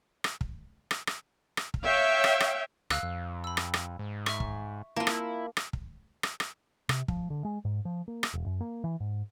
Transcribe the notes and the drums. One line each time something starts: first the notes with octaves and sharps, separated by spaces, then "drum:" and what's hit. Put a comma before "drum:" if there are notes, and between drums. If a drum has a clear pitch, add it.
drum: rim click
drum: kick
drum: rim click
drum: rim click
drum: rim click
drum: kick
C#5 E5 F5 G5
drum: rim click
drum: rim click
D2 F5 E6 F#6, drum: rim click
F2
B5 E6
drum: rim click
drum: rim click
G#2
E5 C#6, drum: rim click
drum: kick
A#3 E4 F4 A5
drum: rim click
drum: rim click
drum: kick
drum: rim click
drum: rim click
C3, drum: rim click
F3, drum: kick
D3
G#3
G#2
F3
A#3
drum: rim click
E1
F#2
A#3
E3
G#2